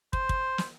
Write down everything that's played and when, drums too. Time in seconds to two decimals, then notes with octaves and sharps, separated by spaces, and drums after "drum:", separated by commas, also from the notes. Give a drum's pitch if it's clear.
0.13 C5, drum: kick
0.29 drum: kick
0.58 drum: snare